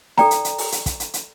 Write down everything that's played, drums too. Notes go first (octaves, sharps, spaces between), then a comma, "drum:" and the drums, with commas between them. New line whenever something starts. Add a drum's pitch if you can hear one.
A4 D5 G5 A#5, drum: snare D#4
drum: hi-hat
drum: hi-hat
drum: open hi-hat
drum: hi-hat
drum: kick, hi-hat
drum: hi-hat
drum: hi-hat